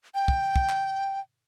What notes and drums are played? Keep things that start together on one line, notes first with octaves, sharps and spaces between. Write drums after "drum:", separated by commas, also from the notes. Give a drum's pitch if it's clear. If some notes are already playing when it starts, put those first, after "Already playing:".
G5
drum: kick
drum: kick
drum: clap